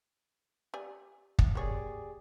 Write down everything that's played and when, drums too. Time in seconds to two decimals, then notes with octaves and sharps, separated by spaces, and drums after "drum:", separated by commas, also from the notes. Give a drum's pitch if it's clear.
0.74 G4 D5 G#5
1.39 drum: kick
1.55 A#3 G4 G#4 C#5 D5